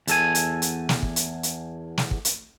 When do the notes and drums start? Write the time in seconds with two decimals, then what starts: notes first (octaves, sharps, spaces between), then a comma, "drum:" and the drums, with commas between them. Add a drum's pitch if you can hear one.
0.07 E2 A4 G#5, drum: hi-hat
0.35 drum: hi-hat
0.62 drum: hi-hat
0.89 drum: snare
1.03 drum: kick
1.16 drum: hi-hat
1.43 drum: hi-hat
1.98 drum: snare
2.11 drum: kick
2.25 drum: hi-hat